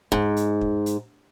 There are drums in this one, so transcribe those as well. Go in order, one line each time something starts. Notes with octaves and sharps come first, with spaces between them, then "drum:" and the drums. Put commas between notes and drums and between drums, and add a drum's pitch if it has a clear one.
G#2, drum: kick
drum: hi-hat
drum: kick
drum: hi-hat